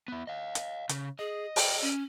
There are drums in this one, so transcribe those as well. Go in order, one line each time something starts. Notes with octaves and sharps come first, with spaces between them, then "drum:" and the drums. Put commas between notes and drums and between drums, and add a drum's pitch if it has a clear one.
B3 E4
D#5 F5
drum: hi-hat
C#3, drum: hi-hat
G#4 D#5
G5, drum: open hi-hat
C#4